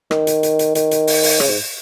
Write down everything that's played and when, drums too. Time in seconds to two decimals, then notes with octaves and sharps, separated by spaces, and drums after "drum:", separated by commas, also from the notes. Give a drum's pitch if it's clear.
0.11 D#3, drum: rim click
0.27 drum: hi-hat
0.43 drum: hi-hat
0.59 drum: hi-hat
0.75 D#3, drum: hi-hat
0.91 drum: hi-hat
1.07 drum: open hi-hat
1.23 drum: open hi-hat
1.40 C#3, drum: rim click
1.50 G#2